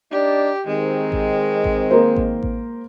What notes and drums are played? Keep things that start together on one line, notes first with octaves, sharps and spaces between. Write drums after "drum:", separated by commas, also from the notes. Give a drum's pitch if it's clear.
D4 D#4 G4 D5
D#3 G#3 C4
drum: kick A1
drum: kick A1
A#3 A#4 C5
drum: kick A1
drum: kick A1